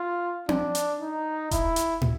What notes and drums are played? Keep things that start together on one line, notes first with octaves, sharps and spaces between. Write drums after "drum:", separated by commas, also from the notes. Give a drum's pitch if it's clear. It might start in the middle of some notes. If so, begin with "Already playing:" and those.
Already playing: F4
D4, drum: tom C4
drum: hi-hat
D#4
E4, drum: kick D#1, hi-hat
drum: hi-hat
drum: tom